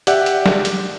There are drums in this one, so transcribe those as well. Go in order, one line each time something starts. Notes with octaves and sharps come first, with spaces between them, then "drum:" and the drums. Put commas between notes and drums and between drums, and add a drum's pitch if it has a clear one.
G4 D5 E5 F#5, drum: hi-hat
drum: hi-hat
drum: snare
drum: hi-hat